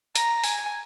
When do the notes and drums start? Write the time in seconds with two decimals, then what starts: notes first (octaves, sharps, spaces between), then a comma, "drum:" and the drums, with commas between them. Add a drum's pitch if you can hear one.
0.15 A#5, drum: hi-hat
0.44 G#5, drum: open hi-hat